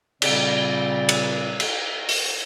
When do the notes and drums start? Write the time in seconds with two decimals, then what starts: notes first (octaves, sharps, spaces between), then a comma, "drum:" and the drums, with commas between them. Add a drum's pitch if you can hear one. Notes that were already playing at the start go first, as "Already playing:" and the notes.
0.22 A#2 C#3 G3 C4 D5, drum: cymbal
1.09 drum: cymbal
1.60 drum: cymbal
2.09 drum: open hi-hat